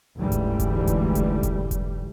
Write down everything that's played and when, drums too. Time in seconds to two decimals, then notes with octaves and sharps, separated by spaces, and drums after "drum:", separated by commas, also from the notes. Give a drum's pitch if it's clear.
0.18 A1 D2 G#2 E3 G3 A3
0.32 drum: kick F1, hi-hat
0.60 drum: kick F1, hi-hat
0.87 drum: kick F1, hi-hat
1.15 drum: kick F1, hi-hat
1.43 drum: kick F1, hi-hat
1.71 drum: kick F1, hi-hat